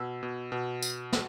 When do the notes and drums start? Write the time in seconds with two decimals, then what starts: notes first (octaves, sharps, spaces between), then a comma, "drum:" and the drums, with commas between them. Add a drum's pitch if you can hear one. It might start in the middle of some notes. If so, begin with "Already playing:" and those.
Already playing: B2 E6
0.23 B2
0.52 B2
0.82 drum: tambourine
1.13 drum: snare